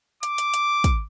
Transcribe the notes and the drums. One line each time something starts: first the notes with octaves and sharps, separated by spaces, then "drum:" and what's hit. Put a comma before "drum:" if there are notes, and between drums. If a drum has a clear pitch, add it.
D6, drum: hi-hat
drum: hi-hat
drum: hi-hat
drum: kick, hi-hat